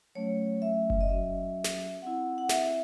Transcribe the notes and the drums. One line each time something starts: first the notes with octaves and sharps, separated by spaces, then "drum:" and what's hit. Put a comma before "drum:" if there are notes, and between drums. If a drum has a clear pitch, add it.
F#3 A3 C#4 C#5
E5
drum: kick F#1
D#5
F#3 C#4 F#4 E5
drum: snare
C4 E4 F#5
F#5
E5, drum: snare